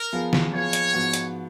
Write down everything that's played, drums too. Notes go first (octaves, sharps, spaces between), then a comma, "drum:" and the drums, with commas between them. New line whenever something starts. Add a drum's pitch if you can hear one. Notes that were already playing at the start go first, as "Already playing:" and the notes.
Already playing: A#4
F3 B3 F4 G#4
drum: snare
F3 B3 F4 G#4 C#5
drum: hi-hat
G#2 F3 B3 F#4
drum: hi-hat